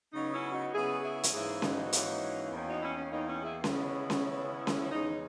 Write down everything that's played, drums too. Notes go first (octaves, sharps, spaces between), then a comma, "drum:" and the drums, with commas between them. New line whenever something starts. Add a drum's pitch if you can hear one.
C#3 F#3 B3 D#4
C#4 E4
D#4 F#4
C#3 F#3 B3 E4 G#4
E4 G#4
drum: hi-hat
G#2 E3 A#3 C#4 E4 G#4
D#4 F#4, drum: snare C#4
G#2 E3 A#3 C#4, drum: hi-hat
E2 D#3 A#3 C#4
D#4 F#4
C#4 E4
C#4
E2 D#3 A#3 C#4 D#4
C#4 E4
E4 G#4
F#4, drum: snare C#4
C#3 G#3 B3 C#4 E4
drum: snare C#4
C#3 G#3 B3
drum: snare C#4
E2 C#3 G#3 C#4 D#4